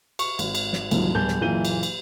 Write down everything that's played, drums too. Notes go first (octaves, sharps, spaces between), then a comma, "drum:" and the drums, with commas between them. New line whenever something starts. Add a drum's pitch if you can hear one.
C#6, drum: cymbal
G#1, drum: cymbal
drum: cymbal
drum: snare
F#1 C2 G#2 D#3 F3 F#3, drum: cymbal
D1 G3 B3 G#5 A5 G6
drum: snare
F#1 A#2 E3 G6 D#7 G7
drum: cymbal
drum: cymbal